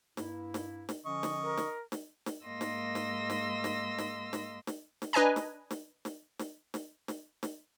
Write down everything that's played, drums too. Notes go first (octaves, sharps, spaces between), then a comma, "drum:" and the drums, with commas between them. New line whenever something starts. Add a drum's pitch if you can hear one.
G2 A#3 E4, drum: snare
drum: snare
drum: snare
D3 F3 C#4 D#5 C#6
drum: snare
A#4
drum: snare
drum: snare
drum: snare
G#2 A#3 D#5 C6 E6 A#6
drum: snare
drum: snare
drum: snare
drum: snare
drum: snare
drum: snare
drum: snare
drum: snare
D4 B4 D#5 G#5 A#5
drum: snare
drum: snare
drum: snare
drum: snare
drum: snare
drum: snare
drum: snare